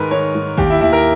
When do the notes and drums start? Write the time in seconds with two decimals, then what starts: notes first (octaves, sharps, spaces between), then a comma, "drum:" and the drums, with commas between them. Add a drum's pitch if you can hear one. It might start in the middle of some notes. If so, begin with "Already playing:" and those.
Already playing: G#2 D#3 A#4 B4
0.11 D#3 C#5
0.35 G#2
0.58 D#2 G4, drum: kick
0.70 E4
0.81 D#2 E4
0.93 A#4